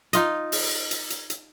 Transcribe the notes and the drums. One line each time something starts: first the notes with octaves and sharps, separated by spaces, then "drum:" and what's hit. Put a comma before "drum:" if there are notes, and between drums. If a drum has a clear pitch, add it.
D#4 F4 D#5, drum: hi-hat
drum: open hi-hat
drum: hi-hat
drum: hi-hat
drum: hi-hat